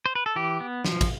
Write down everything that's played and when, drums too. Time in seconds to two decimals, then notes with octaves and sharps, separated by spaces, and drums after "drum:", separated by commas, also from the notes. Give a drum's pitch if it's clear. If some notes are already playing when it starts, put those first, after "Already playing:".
0.06 C5
0.15 B4
0.26 A4
0.36 E3 G4
0.61 B3
0.85 F3, drum: snare
1.01 drum: kick, cymbal